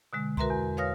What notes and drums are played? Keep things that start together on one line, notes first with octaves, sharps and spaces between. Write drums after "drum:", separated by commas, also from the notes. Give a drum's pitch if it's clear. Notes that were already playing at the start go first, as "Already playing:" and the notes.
B2 D3 G#3
F#4 A#4 B4 E5 A#5 C6, drum: kick C2
E2
B4 C#5 F5 D#6 F6 A#6